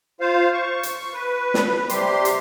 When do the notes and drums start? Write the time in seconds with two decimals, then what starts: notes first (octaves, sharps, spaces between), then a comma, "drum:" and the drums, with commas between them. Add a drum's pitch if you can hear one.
0.21 F4 C5 F5
0.53 C#6
0.83 drum: hi-hat
1.13 B4
1.54 drum: snare
1.89 C3 G3 G4 C6, drum: hi-hat
2.25 drum: hi-hat